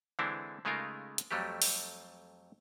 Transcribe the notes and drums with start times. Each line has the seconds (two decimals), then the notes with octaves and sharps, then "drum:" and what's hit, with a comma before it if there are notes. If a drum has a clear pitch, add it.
0.19 D3 E3 G#3 C4 D4 E4
0.65 C#3 G#3 A3 D#4 F4 A#4
1.18 drum: hi-hat
1.31 F2 F#3 G3 A3 G4
1.62 drum: open hi-hat